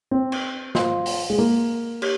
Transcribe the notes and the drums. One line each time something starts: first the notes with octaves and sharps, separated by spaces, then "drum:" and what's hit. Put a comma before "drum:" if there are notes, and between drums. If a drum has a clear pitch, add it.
C4
drum: cymbal
F4 C5 F5 C6, drum: snare
drum: open hi-hat
G#3
A#3
G4 C#5, drum: cymbal